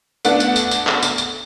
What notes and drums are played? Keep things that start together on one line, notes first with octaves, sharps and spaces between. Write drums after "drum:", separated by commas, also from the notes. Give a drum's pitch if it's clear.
A3 B3 D4 F#5, drum: tambourine
drum: tambourine
drum: tambourine
drum: tambourine
drum: clap
drum: tambourine
drum: tambourine